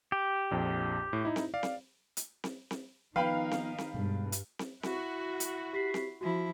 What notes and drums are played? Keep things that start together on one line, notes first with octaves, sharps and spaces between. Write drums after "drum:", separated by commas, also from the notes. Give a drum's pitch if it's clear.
G4
A#1 F2
A2
D#4 E4
drum: snare C4
D5 F5
drum: snare C4
drum: hi-hat
drum: snare C4
drum: snare C4
D#3 F3 B3 D#4 B4 F5 G5 B5
drum: snare C4
drum: snare C4
G2 B2 G#3
drum: hi-hat
drum: snare C4
E4 F#4, drum: snare C4
drum: hi-hat
G4 B6 C7
drum: snare C4
F3 E4 F#4